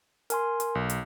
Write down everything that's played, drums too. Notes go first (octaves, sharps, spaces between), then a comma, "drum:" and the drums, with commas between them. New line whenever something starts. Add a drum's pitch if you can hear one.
A#4 G#5 C6, drum: hi-hat
drum: hi-hat
B1
drum: hi-hat